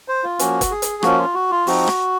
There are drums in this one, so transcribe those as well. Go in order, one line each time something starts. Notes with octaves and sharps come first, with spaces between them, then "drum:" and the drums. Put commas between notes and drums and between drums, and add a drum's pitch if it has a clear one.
C5
F4
F3 A#3 C#4 F#4, drum: hi-hat
drum: kick F#1, hi-hat
G#4
drum: hi-hat
F3 A#3 C#4 F#4, drum: rim click
F4
F#4
F4
F3 C4 D#4 F#4, drum: open hi-hat
drum: rim click